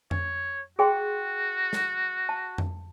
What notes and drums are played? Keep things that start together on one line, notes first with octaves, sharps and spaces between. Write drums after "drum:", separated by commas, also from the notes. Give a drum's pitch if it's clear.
C#5, drum: tom F2
F#4 G#4 G5 C6
drum: snare
A5
drum: tom F2